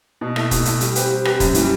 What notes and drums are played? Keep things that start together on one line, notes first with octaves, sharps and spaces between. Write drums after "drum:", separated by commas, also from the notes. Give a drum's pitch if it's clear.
B2
A3 E4, drum: rim click
B2, drum: kick, hi-hat
A3 E4, drum: hi-hat
G3, drum: hi-hat
C4 G4 B4, drum: hi-hat
G3
C4 G4 B4, drum: rim click
F#2, drum: kick, hi-hat
E3 G3, drum: hi-hat